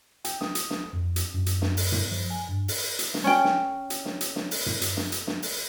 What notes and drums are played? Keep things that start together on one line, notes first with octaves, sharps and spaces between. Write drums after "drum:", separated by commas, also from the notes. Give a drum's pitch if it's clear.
G5, drum: hi-hat
D#6, drum: snare
drum: hi-hat
drum: snare
F2
drum: hi-hat
F#2
drum: hi-hat
drum: snare
drum: open hi-hat
drum: tom
F3
G#5
G2
drum: open hi-hat
drum: hi-hat
drum: snare
C#4 G5
drum: snare
drum: hi-hat
drum: snare
drum: hi-hat
drum: snare
drum: open hi-hat
drum: tom
drum: hi-hat
drum: snare
drum: hi-hat
drum: snare
drum: open hi-hat